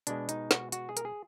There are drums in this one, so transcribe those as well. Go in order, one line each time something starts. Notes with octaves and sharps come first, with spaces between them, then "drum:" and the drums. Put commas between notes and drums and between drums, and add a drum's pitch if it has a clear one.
B2 G#3 D4, drum: hi-hat
D#4, drum: hi-hat
F#4, drum: snare
F#4, drum: hi-hat
G#4
A#4, drum: hi-hat
G#4